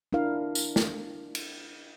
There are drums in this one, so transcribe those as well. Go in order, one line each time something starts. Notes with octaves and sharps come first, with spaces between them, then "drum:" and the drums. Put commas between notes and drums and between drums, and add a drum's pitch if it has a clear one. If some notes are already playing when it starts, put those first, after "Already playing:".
D4 E4 A#4 F5
drum: tambourine
drum: snare
drum: cymbal